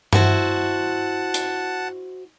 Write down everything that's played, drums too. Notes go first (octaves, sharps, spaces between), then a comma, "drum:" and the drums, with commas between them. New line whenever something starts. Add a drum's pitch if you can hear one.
E4 F#4 C5 F#5 A5, drum: tom G2
drum: hi-hat